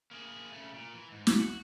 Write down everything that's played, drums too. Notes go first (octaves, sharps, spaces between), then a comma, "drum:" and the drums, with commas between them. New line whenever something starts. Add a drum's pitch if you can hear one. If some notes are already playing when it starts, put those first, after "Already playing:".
A#3 G#4
C#3 A3
A#2
E3
G#2
drum: snare
F#4